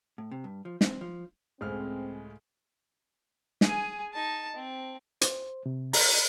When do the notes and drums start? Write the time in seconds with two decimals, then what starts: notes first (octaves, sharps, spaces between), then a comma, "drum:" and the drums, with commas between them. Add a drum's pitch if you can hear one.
0.18 A2
0.31 C3
0.44 G2
0.65 F3
0.81 C4, drum: snare
1.01 F3
1.61 C#2 A2 G#3 C4 F6
3.61 G#4 G#5, drum: snare
4.13 D#4 A5
4.56 C4
5.21 C5, drum: hi-hat
5.66 C3
5.93 A#5, drum: open hi-hat